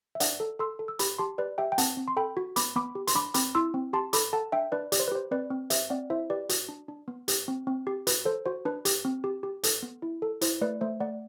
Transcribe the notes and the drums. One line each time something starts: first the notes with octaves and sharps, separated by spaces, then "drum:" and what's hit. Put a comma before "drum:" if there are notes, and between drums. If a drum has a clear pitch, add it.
E5
D4 D5 F#5, drum: hi-hat
A4
A4 C6 E6
A4
E6
G4 B5 D6, drum: hi-hat
G4 A5 C6
G4 B4 D5
G4 E5 G5
G5
C4 F#5 A5, drum: hi-hat
C4
C6
A4 G5 B5
F#4
B3 B5 D6, drum: hi-hat
B3 B5 D6
G4
C6, drum: hi-hat
D4 B5 D6
C4 B5 D6, drum: hi-hat
E4 C6 E6
C4
G4 A5 C6
A4 B5 D6, drum: hi-hat
A4 F#5 A5
D4 E5 G5
D4 B4 D5
G4 D5, drum: hi-hat
C5
B4
G4 C5
C4 B4 D5
C4
G4 C5 E5, drum: hi-hat
C4 D5 F#5
E4 C5 E5
G4 B4 D5
F#4, drum: hi-hat
D4
D4
B3
G4, drum: hi-hat
C4
C4
G4
F#4 B4, drum: hi-hat
A4 C5
F#4 C5
D4 B4
G4, drum: hi-hat
C4
G4
G4
A4, drum: hi-hat
B3
E4
A4
E4 C5, drum: hi-hat
A3 B4 D5
A3 C5 E5
A3 D5 F#5